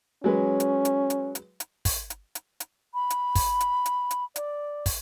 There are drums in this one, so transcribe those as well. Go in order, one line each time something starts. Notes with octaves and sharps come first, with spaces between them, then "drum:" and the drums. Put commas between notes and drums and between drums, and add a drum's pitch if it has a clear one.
F#3 G#3 C#4 B4
drum: hi-hat
drum: hi-hat
drum: hi-hat
drum: hi-hat
drum: hi-hat
drum: kick, open hi-hat
drum: hi-hat
drum: hi-hat
drum: hi-hat
B5
drum: hi-hat
drum: kick, open hi-hat
drum: hi-hat
drum: hi-hat
drum: hi-hat
D5, drum: hi-hat
drum: kick, open hi-hat